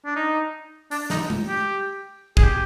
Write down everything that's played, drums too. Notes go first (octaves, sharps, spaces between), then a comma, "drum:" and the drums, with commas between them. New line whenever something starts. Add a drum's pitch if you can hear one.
D4
D#4
D4, drum: open hi-hat
D#4, drum: snare
drum: tom
G4
G#4, drum: kick
G4